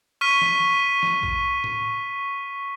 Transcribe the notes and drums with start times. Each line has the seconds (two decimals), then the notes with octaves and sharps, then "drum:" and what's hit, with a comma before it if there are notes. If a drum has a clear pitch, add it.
0.21 C#6 F6 B6 D#7
0.42 drum: snare
1.03 drum: snare
1.23 drum: kick A#1
1.64 drum: tom A2